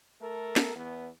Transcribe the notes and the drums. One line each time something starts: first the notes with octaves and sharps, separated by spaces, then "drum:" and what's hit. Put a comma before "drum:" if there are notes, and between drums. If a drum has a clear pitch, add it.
A3 A4 A#4
drum: snare
E2 B3